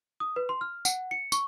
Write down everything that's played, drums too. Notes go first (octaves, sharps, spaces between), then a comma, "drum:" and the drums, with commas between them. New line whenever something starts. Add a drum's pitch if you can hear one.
D#6
B4
C6
F6
F#5, drum: tambourine
C#7
C#6, drum: tambourine